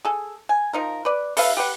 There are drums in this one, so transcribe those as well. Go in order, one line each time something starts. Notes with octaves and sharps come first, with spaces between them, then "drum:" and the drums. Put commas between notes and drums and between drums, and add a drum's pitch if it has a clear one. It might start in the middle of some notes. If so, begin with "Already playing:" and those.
G#4 A4
G#5
F3 D#4 A#4
B4 D5
A4 B4 E5 F5, drum: open hi-hat
G4 B4 F#5